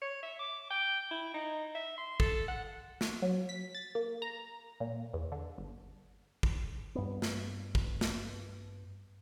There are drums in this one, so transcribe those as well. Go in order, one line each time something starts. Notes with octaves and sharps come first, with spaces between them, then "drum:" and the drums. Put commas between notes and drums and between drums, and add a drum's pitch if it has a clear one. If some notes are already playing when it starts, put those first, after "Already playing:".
C#5
E5
D6
G5
E4
D#4
E5
C6
A4, drum: kick
F#5
drum: snare
F#3
B6
A6
A#3
A#5
A#2
E2
D3
G1
drum: kick
G2 B3
drum: snare
drum: kick
drum: snare